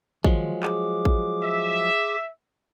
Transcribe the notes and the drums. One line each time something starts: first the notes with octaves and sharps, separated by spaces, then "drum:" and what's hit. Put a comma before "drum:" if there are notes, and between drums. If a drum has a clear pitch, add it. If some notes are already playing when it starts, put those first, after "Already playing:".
D#3 F3 F#3 G#3, drum: kick
G#4 D6, drum: clap
drum: kick
E5